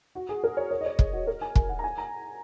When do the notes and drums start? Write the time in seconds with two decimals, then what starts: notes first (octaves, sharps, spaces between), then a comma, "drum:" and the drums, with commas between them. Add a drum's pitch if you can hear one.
0.15 F#4
0.29 G#4
0.44 A#4
0.57 C#5
0.71 C#5
0.81 D#5
0.86 C#5
0.99 G#4, drum: kick
1.13 F#4
1.27 A#4
1.41 G#5
1.55 G#5, drum: kick
1.69 F#5
1.79 A#5
1.84 G#5
1.98 A#5